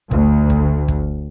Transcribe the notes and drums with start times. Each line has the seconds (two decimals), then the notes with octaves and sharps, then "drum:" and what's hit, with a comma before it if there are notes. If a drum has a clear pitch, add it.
0.11 D2, drum: kick
0.50 drum: kick
0.88 drum: kick